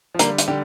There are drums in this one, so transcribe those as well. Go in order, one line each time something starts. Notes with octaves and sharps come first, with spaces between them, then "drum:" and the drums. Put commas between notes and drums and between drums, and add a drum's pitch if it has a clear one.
F3
D3 G3 A#3, drum: hi-hat
drum: hi-hat
D3 G3 G4